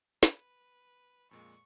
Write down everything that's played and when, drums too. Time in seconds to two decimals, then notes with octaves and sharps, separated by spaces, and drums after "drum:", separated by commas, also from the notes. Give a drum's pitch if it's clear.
0.23 B4, drum: snare
1.31 F2 A#2 G#3 C#6